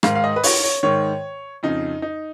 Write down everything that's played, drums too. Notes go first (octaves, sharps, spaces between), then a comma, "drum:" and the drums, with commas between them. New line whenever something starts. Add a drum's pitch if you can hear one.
G#2 D#3 F5, drum: rim click
F5
D#5
B4
C#5, drum: open hi-hat
C#5
G#2 D#3 C#5
F2 C#3 D#4
D#4